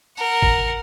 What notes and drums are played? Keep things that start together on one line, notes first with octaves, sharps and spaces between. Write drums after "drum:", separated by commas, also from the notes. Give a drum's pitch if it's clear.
A#4 F#5, drum: tambourine
drum: kick